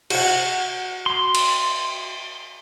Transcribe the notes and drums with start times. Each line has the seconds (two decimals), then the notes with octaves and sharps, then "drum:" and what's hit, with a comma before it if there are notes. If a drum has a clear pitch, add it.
0.10 F#4 F#5, drum: cymbal
1.06 C6
1.35 drum: cymbal